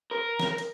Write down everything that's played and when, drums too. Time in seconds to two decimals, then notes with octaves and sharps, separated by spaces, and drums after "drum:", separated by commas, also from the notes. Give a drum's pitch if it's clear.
0.11 A#4
0.40 drum: snare
0.58 drum: hi-hat